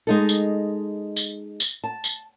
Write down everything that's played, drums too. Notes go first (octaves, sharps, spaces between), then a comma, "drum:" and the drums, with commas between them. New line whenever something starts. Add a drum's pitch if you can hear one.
G#3 D#4 A4
drum: tambourine
drum: tambourine
drum: tambourine
A5
drum: tambourine